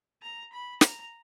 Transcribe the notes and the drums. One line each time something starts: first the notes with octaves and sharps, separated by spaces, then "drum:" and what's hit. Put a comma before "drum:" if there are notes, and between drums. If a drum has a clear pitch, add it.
A#5
B5
A#5, drum: snare